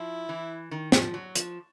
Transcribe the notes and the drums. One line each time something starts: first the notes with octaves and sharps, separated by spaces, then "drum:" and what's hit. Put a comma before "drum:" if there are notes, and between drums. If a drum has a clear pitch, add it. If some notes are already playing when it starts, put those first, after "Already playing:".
Already playing: F3 E4
E3
D#3
F3, drum: snare
F#3
F3, drum: hi-hat